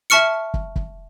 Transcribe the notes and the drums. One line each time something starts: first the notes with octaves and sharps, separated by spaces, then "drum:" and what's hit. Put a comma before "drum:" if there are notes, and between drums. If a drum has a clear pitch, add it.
E5 A5 C#6 F6 C#7
drum: kick
drum: kick